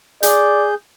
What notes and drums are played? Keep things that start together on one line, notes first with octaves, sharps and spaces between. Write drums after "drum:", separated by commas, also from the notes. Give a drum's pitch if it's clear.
G#4 D5 G6, drum: hi-hat